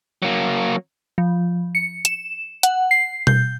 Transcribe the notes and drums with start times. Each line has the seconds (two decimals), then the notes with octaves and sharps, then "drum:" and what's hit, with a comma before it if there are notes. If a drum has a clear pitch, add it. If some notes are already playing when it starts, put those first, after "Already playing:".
0.22 F#3 A#3
1.18 F3
1.75 C#7
2.05 E7, drum: hi-hat
2.63 F#5, drum: hi-hat
2.91 C7
3.27 G6, drum: tom B2